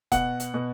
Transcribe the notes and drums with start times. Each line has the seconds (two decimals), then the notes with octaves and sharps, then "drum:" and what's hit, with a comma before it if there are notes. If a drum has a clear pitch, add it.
0.12 B2 F#5, drum: kick E1, hi-hat
0.40 drum: hi-hat
0.54 B2